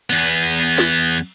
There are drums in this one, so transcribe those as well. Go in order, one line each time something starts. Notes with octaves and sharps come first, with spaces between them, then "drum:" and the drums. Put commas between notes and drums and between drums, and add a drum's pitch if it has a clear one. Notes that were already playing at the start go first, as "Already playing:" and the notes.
E2 B3, drum: cymbal
drum: cymbal
drum: cymbal
drum: snare
drum: cymbal